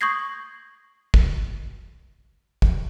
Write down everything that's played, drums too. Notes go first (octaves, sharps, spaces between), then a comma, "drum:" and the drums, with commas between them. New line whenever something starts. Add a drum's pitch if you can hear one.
C#6 D#6 G6 G#6 A#6 C7
drum: kick
drum: kick